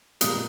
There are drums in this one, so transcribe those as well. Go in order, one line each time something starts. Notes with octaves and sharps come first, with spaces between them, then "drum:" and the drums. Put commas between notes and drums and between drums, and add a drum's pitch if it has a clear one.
A#2 G3 A#3 D#6, drum: hi-hat